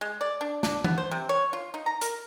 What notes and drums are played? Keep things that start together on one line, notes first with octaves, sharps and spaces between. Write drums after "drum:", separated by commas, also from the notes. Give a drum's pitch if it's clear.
G#3
D5
D4
D4, drum: snare
B3, drum: tom E3
C5
C3
C#5
F4
D#4
A#5
A#4, drum: hi-hat